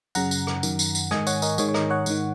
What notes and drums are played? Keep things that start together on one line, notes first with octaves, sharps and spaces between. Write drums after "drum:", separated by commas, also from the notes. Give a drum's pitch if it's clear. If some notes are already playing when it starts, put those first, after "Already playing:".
F#2 C#3 F#5 A#5, drum: tambourine
drum: tambourine
drum: rim click
F#2 D#3, drum: tambourine
drum: tambourine
drum: tambourine
G#2 D#3 D#5 G#5, drum: rim click
C#5 F#5, drum: tambourine
A#4 D#5, drum: tambourine
G#2 D#3 G#4 C#5, drum: tambourine
C#5
A#4 D#5, drum: rim click
C#5 F#5
G#2 D#3, drum: tambourine